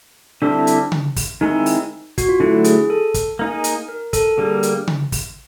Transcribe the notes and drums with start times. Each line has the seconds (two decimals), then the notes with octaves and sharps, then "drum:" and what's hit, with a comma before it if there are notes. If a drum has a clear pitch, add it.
0.42 D3 G3 C4 D4 E4 G4
0.67 drum: hi-hat
0.92 drum: tom C#3
1.16 drum: kick, open hi-hat
1.41 D#3 G#3 C4 D#4 E4
1.66 drum: open hi-hat
2.18 F#4, drum: kick, hi-hat
2.29 F4
2.40 D3 F#3 A3 E4
2.64 G#4, drum: hi-hat
2.90 A4
3.14 drum: kick, hi-hat
3.39 A#3 D#4 G#4
3.64 drum: hi-hat
3.89 A#4
4.13 A4, drum: kick, hi-hat
4.38 D3 G3 A#3 G#4
4.63 drum: hi-hat
4.88 drum: tom C#3
5.12 drum: kick, open hi-hat